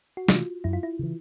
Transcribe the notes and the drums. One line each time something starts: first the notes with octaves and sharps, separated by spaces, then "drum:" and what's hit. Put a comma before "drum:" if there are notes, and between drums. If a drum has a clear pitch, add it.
F#4
C3 E3 A3 F4, drum: snare
F#2 E4
F4
E4
C#3 E3